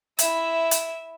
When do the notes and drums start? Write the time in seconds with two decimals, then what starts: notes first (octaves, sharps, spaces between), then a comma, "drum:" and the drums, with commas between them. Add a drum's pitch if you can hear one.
0.19 E4 E5, drum: hi-hat
0.71 drum: hi-hat